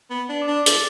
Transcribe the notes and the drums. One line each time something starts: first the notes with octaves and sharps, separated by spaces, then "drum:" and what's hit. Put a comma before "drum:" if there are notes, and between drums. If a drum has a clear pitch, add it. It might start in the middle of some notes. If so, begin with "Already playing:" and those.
B3
D4
D6
D4
A6, drum: hi-hat